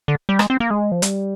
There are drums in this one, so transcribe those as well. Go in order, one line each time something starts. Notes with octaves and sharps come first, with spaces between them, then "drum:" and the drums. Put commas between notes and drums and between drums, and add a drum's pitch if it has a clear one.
D3
G3
G#3, drum: rim click
C4
A#3
G#3
F3
G3, drum: hi-hat